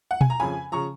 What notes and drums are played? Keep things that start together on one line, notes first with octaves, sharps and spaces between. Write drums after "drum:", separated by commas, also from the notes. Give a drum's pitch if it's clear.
F#5
G#5, drum: tom B2
A#5
F2 C#3 F3 G#5 B5
C#3 F3 A#5 C#6